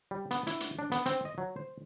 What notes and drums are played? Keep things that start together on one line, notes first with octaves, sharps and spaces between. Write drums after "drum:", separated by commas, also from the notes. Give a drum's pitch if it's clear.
G3
B3, drum: hi-hat
E4, drum: hi-hat
drum: hi-hat
D4
B3, drum: hi-hat
C4, drum: hi-hat
D#5
F#3
C5